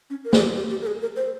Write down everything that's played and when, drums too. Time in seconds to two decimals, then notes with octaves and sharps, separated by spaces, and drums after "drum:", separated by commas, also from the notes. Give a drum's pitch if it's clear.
0.10 C#4
0.25 A#4
0.33 G#4, drum: snare
0.41 G4
0.56 G4
0.70 G4
0.81 A#4
0.87 G#4
1.01 A#4
1.16 C5